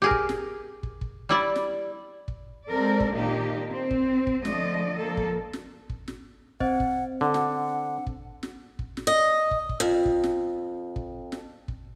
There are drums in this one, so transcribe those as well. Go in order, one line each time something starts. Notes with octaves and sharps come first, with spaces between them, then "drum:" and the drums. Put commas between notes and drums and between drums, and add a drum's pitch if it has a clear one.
G4 G#4 A#4
drum: kick
drum: snare
drum: kick
drum: kick
G3 E4 D5
drum: snare
drum: kick
G#3 C4 A4 A#4 D5
drum: kick
A#2 D#3 A#3 D4 D#4 G4
C4
drum: kick
drum: kick
D3 F3 A3 D5 D#5, drum: snare
F3 A#3 A4
drum: kick
drum: snare
drum: kick
drum: snare
C4 C5 D#5 F#5, drum: kick
drum: kick
D3 F#5
drum: snare
drum: kick
drum: snare
drum: kick
drum: snare
D#5
drum: kick
drum: kick
F2
drum: kick
drum: snare
drum: kick
drum: snare
drum: kick